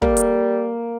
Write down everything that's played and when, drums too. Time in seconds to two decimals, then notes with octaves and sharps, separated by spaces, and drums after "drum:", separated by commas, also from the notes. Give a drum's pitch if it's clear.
0.02 G3 A#3, drum: kick
0.17 drum: hi-hat